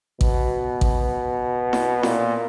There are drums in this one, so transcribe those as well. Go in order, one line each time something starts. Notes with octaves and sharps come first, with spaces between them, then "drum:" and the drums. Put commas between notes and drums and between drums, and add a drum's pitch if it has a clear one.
B2, drum: kick A1
drum: kick A1
drum: snare E4
A#2, drum: snare E4